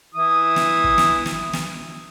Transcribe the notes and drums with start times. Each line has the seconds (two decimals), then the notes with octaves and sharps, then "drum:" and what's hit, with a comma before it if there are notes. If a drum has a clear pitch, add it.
0.15 E3 E4 D#6
0.56 drum: snare
0.84 drum: kick
0.98 drum: snare
1.26 drum: snare
1.53 drum: snare